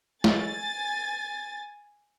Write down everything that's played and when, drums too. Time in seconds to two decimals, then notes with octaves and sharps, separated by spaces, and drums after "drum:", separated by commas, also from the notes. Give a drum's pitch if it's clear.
0.24 G#5 A6, drum: snare